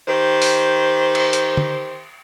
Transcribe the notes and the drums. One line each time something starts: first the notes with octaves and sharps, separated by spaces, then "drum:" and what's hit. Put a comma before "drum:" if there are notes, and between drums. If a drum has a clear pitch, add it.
D#3 G4 C5
drum: open hi-hat
drum: cymbal
drum: hi-hat
drum: tom